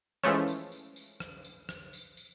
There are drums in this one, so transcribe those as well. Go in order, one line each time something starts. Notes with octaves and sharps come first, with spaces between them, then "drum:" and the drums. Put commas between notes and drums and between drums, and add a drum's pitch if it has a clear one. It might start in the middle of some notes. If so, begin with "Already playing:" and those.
E3 F3 G#3 A3 C#4, drum: rim click
drum: tambourine
drum: tambourine
drum: tambourine
drum: rim click
drum: tambourine
drum: rim click
drum: tambourine
drum: tambourine